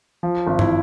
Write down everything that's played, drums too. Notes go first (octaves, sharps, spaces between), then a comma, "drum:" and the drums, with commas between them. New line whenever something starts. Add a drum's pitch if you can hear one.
F3
G#1
E4, drum: tom G2